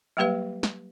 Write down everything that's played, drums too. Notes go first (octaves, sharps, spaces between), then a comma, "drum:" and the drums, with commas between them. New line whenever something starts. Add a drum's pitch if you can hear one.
F#3 G3 A#3 G4 B4 F5
drum: snare